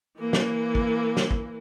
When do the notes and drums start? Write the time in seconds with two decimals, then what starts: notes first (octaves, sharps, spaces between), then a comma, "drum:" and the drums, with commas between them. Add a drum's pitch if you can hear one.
0.19 E3 A#3
0.33 drum: snare
0.75 drum: kick
1.17 drum: snare
1.31 drum: kick